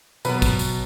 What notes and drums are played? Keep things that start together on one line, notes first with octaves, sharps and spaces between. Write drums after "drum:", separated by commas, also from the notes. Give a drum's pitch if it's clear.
B2 F#3 B3 B4 B5, drum: tambourine
drum: kick, tambourine
drum: tambourine